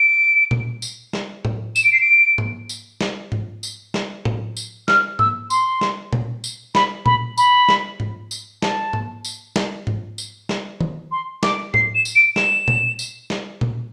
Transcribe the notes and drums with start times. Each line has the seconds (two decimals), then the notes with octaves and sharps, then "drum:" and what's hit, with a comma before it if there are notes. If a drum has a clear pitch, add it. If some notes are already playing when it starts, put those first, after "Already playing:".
Already playing: D7
0.51 drum: tom A#2
0.82 drum: tambourine
1.13 drum: snare
1.45 drum: tom A2
1.76 E7, drum: tambourine
1.84 D7
1.93 C7
2.01 D7
2.38 drum: tom G#2
2.69 drum: tambourine
3.01 drum: snare
3.32 drum: tom G#2
3.63 drum: tambourine
3.94 drum: snare
4.25 drum: tom A2
4.57 drum: tambourine
4.88 F6, drum: snare
5.19 E6, drum: tom G#2
5.50 C6, drum: tambourine
5.81 drum: snare
6.13 drum: tom A#2
6.44 drum: tambourine
6.75 B5, drum: snare
7.06 B5, drum: tom A#2
7.38 B5, drum: tambourine
7.69 drum: snare
8.00 drum: tom G#2
8.31 drum: tambourine
8.62 A5, drum: snare
8.93 drum: tom G#2
9.25 drum: tambourine
9.56 drum: snare
9.87 drum: tom G#2
10.18 drum: tambourine
10.49 drum: snare
10.81 drum: tom D#3
11.12 C6
11.43 D6, drum: snare
11.74 C7, drum: tom A2
11.95 E7
12.05 drum: tambourine
12.16 D7
12.36 E7, drum: snare
12.68 drum: tom A#2
12.99 drum: tambourine
13.30 drum: snare
13.61 drum: tom A#2